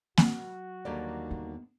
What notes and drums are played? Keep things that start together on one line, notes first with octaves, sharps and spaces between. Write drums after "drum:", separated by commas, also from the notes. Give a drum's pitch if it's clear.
F#3 F#4, drum: snare A#3
D#2 D3 G3 A#3 D#4 D5
B3